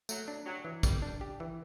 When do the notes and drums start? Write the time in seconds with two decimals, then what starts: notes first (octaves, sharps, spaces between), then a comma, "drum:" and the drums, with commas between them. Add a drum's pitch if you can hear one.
0.09 F#3 A3, drum: tambourine
0.28 D4
0.46 F#3 G4
0.65 E3
0.83 G3 A3, drum: kick, tambourine
1.02 D4
1.21 G4
1.40 E3